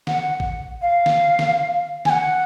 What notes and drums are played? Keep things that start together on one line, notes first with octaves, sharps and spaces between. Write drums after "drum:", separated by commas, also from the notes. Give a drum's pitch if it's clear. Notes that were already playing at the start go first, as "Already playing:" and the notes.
F#5, drum: snare
drum: kick
F5
drum: snare
drum: snare
G#5, drum: snare
F#5